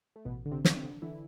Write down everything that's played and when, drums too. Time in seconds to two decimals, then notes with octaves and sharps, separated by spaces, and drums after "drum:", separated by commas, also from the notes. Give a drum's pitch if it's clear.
0.16 A3
0.25 A1 B2 B3
0.46 D3
0.52 C3 C4
0.65 D3, drum: snare
0.77 C3 C4
0.83 D3
1.02 D3 E3 E4